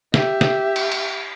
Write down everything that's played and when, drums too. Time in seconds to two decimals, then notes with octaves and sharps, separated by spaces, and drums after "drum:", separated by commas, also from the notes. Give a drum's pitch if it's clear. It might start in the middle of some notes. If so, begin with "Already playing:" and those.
0.14 G4 E5, drum: snare
0.41 drum: snare
0.76 drum: cymbal
0.92 drum: cymbal